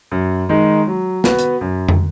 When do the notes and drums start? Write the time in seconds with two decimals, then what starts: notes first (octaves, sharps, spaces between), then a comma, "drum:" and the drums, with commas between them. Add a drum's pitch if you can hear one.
0.11 F#2
0.49 D#3 G#3 D#4
0.87 F#3
1.24 B3 F#4 B4, drum: snare
1.39 drum: hi-hat
1.61 F#2
1.89 drum: tom